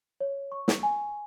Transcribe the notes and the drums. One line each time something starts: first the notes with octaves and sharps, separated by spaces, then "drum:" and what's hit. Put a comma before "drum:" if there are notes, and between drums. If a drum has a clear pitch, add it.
C#5
C#6
drum: snare
G#5